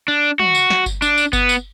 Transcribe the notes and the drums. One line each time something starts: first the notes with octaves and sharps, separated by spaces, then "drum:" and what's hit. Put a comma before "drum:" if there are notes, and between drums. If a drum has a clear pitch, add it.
D4
F#4, drum: tom
drum: tambourine
drum: snare
drum: kick G1, tambourine
D4, drum: tambourine
drum: tambourine
B3, drum: kick G1, tambourine
drum: tambourine